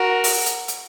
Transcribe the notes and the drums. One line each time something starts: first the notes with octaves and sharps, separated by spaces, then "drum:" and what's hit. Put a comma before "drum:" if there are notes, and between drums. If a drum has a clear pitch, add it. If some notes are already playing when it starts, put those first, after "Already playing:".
Already playing: F#4 A#4
drum: open hi-hat
drum: hi-hat
drum: hi-hat